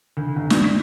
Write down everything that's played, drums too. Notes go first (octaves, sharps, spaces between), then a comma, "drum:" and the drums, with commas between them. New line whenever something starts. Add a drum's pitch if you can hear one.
D2
G1
D4, drum: snare
B6